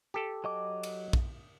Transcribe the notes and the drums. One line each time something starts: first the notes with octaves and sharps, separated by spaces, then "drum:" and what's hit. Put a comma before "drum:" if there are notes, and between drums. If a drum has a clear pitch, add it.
G4 A4
F#3 D#5 D6
drum: cymbal
drum: kick A#1